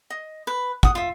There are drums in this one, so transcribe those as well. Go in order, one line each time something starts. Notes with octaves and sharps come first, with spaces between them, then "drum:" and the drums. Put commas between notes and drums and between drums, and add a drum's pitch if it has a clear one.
D#5
B4
F#5 D#6, drum: kick
F4 E5